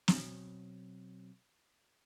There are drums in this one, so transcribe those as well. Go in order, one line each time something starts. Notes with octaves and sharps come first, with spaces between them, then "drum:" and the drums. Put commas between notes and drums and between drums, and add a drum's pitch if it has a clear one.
B2 F#3 C4, drum: snare